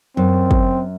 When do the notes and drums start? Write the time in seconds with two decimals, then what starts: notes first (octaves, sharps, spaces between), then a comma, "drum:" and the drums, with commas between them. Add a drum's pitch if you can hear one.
0.17 F#2 C4
0.51 drum: kick